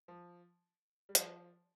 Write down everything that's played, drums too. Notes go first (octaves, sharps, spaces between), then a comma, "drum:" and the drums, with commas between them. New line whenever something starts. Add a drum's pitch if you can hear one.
F3
G3
F3, drum: hi-hat